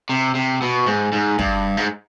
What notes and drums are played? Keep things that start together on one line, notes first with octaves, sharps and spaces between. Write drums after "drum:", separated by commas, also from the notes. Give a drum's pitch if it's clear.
C3
C3
B2
G#2
G#2
G2, drum: kick
G#2